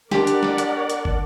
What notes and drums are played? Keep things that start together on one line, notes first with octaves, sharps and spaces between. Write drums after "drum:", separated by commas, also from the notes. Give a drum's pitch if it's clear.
D4 G4 A#4 D5 F#5 C6, drum: snare
drum: hi-hat
drum: snare
drum: hi-hat
drum: hi-hat
drum: kick